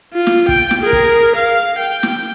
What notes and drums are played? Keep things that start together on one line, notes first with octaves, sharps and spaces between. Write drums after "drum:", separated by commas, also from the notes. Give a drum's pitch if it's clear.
F4
drum: snare
G5 D7, drum: kick
drum: snare
G#4 A#4
drum: kick
F5
G5
drum: snare